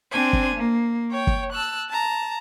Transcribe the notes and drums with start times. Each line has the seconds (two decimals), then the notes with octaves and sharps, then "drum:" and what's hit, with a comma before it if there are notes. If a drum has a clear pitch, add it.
0.12 C4 D4 C5 G#5
0.33 drum: kick
0.56 A#3
1.11 C#5 G5
1.27 drum: kick
1.52 A5 E6 F#6
1.90 A5 A#5